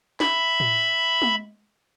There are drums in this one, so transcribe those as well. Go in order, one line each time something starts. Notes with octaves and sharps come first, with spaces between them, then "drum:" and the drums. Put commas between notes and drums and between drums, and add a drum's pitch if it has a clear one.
E5 B5, drum: snare
drum: tom A2
drum: tom G#3